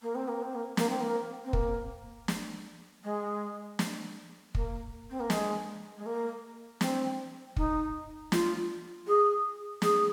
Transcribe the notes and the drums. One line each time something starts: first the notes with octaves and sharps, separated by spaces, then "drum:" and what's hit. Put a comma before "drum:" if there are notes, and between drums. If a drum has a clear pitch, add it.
A#3
C4
A#3
C4
A#3
A#3, drum: snare
C4
A#3
C4
A#3, drum: kick
drum: snare
G#3
drum: snare
A#3, drum: kick
C4
A#3
G#3, drum: snare
G#3
A#3
C4, drum: snare
D#4, drum: kick
F4, drum: snare
G#4
G#4, drum: snare